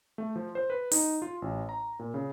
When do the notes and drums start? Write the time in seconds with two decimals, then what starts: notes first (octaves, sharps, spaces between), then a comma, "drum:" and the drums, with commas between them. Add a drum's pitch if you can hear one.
0.18 A3
0.36 F3
0.55 C5
0.70 B4
0.91 D#4, drum: open hi-hat
1.22 F4
1.42 A1
1.69 A#5
1.99 A#2
2.14 C#3